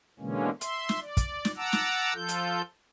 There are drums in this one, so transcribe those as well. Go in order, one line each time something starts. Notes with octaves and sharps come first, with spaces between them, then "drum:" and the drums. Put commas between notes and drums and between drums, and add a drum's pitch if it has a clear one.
B2 D3 E3 G#3 A#3 C#4
E5 C6, drum: hi-hat
drum: snare
D5
drum: kick, hi-hat
drum: snare
F#5 A5 A#5 D6 E6
drum: snare
F3 F4 A4 G6
drum: hi-hat